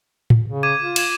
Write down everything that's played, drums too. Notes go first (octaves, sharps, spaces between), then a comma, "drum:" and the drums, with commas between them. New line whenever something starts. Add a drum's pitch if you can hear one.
drum: tom A2
C#3
D6 G#6 D#7
F4
G#6 E7, drum: cymbal